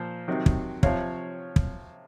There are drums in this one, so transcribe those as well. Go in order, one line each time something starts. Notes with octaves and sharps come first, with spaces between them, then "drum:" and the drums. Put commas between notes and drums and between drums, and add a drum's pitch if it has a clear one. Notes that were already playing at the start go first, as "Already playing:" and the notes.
Already playing: A#2 F3 C5
C3 D#3 F#3
drum: kick
C3 F3 C#5 F5, drum: kick
drum: kick